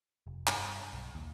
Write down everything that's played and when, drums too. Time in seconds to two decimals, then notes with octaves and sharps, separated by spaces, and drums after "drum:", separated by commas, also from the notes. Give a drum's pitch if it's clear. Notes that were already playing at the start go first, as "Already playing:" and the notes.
0.27 F1
0.47 G2, drum: clap
0.93 B1
1.15 D#2